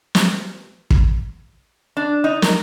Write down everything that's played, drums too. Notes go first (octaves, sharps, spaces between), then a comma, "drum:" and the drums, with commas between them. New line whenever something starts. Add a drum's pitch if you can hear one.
drum: snare
drum: kick
D4
D#4
A#4, drum: snare